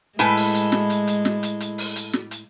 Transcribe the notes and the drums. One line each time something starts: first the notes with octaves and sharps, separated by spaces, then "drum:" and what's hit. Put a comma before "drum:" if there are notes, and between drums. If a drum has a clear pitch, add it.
A2 G#3 E4 A4 B4 G#5, drum: hi-hat
drum: open hi-hat
drum: hi-hat
drum: snare
drum: hi-hat
drum: hi-hat
drum: snare
drum: hi-hat
drum: hi-hat
drum: open hi-hat
drum: hi-hat
drum: snare
drum: hi-hat